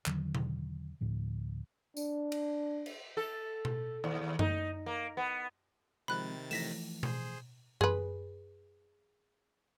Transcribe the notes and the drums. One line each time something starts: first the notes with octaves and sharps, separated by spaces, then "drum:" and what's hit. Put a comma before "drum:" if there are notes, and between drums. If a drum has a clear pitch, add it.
E2 D3 D#3 F#3, drum: clap
drum: tom B2
D2 A2 F3
D4, drum: tambourine
drum: cymbal
drum: cymbal
A4
drum: tom B2
D#2
D#4, drum: tom F#2
A#3
B3
C3 D#3 F3 G#3 C4 B5 F#6 A6
E3 F3 A3 A#6 B6 E7, drum: open hi-hat
G#4 C5, drum: tom B2
G#4 B4, drum: tom F#2